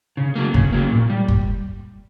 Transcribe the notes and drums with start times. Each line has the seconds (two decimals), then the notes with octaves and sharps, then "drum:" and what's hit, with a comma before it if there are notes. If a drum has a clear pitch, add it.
0.17 C#3
0.36 F#3 A#3
0.54 C#3, drum: kick
0.72 F#3 A#3
0.92 A#2
1.10 G3
1.28 drum: kick